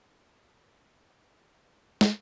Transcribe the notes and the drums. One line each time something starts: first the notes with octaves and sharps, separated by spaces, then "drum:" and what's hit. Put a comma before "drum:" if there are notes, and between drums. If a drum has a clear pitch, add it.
C#4 D#4 G#4
D#2 A2
A1 D3 C4 D4 G#4 F5
C3 G#3 A#3 G4 G#4 B4
drum: snare